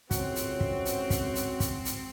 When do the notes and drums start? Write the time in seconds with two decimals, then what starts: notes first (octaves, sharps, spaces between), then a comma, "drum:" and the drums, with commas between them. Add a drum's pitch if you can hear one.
0.11 C#2 A2 C4 F#4 C#5, drum: kick, hi-hat
0.36 drum: hi-hat
0.61 drum: kick
0.85 drum: hi-hat
1.10 drum: kick, hi-hat
1.35 drum: hi-hat
1.60 drum: kick, hi-hat
1.85 drum: hi-hat